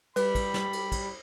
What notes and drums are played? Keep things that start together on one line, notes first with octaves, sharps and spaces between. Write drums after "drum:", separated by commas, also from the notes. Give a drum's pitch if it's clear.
G3 B4 B5, drum: cymbal
drum: kick, cymbal
drum: snare
drum: cymbal
drum: kick, cymbal